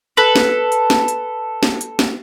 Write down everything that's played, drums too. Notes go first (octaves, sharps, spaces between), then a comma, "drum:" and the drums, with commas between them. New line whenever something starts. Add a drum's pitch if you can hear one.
A4 B4
drum: snare
drum: hi-hat
drum: snare
drum: hi-hat
drum: snare
drum: hi-hat
drum: snare